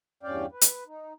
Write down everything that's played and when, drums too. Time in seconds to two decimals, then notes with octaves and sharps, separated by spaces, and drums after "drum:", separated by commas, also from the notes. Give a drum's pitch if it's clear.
0.23 E2 G2 C#4 D5 F5 G5
0.52 B4
0.61 drum: hi-hat
0.87 D#4